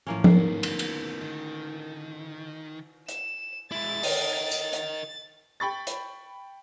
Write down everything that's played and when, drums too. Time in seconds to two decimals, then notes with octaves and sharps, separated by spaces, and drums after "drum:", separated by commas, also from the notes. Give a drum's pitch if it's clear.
0.07 A2 E3 F3 A#3 C#4
0.24 D#2 G#2 D#3 B3 D#4 A#4 C7, drum: tom F3
0.63 D2, drum: cymbal
0.79 drum: cymbal
1.21 D3 D#3
3.09 E7, drum: hi-hat
3.72 G#3 E4 A6
4.03 A#4 D#5, drum: open hi-hat
4.51 drum: tambourine
4.73 drum: hi-hat
5.60 G5 B5 C#6 A6
5.87 drum: hi-hat